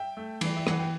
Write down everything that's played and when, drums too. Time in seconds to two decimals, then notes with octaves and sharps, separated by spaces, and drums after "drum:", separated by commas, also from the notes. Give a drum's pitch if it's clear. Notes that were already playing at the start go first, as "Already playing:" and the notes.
Already playing: E5 G5
0.17 A3
0.41 E3 D5, drum: cymbal
0.57 E5
0.67 E3 F#5, drum: rim click
0.79 G5